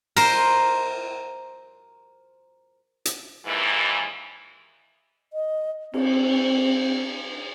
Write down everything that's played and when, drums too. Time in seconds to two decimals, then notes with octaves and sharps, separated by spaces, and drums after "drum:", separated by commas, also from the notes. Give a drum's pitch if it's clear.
0.16 A#4 C5, drum: cymbal
3.05 drum: hi-hat
3.45 D#2 G#2 E3
5.33 D#5
5.94 C4, drum: cymbal